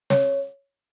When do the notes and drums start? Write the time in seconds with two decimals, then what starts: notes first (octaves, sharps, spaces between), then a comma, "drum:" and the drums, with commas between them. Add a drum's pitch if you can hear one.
0.10 C#5, drum: snare